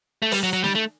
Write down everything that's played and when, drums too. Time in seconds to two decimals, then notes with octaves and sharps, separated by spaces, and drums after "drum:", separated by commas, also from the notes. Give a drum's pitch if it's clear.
0.22 A3
0.31 G3, drum: open hi-hat
0.43 F#3
0.53 F#3
0.64 G3, drum: snare
0.75 A3